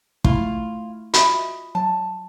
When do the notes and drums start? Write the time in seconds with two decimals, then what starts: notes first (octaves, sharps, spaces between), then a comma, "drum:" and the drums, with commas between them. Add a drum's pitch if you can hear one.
0.24 A3 E4 F4, drum: kick
1.14 F4 F#4 D#5 E5, drum: hi-hat
1.75 F#3 A5